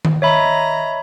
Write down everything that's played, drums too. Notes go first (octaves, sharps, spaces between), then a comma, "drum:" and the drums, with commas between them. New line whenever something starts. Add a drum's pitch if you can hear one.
drum: tom D#3
C#5 D#5 E5 A#5 B5